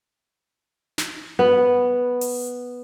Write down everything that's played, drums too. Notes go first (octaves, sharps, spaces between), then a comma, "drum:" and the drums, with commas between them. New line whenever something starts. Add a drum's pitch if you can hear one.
drum: snare
B3
drum: open hi-hat